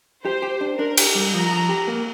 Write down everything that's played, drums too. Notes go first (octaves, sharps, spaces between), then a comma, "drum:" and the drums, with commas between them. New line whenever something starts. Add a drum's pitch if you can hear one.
G4 C5
G4
D4
D4 A#4
G4, drum: cymbal
G3
F3 A#5
F3
G4
A#3